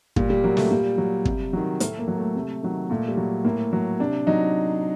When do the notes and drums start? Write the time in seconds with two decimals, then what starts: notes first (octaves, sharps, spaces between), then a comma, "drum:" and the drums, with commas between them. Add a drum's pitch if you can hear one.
0.16 A#2 G3, drum: kick
0.30 G3
0.44 F#3 A#3
0.57 A3, drum: snare
0.71 A#2 G3
0.98 F#3
1.25 C3, drum: kick
1.53 D#3 F#3
1.80 A2 A3, drum: hi-hat
1.99 A#3
2.08 F#3
2.18 A3
2.35 C3
2.63 D#3 F#3
2.90 A#2 A3
3.08 G3
3.17 F#3
3.45 A2 A#3
3.73 F#3
3.99 C3 D4
4.27 F#3 D#4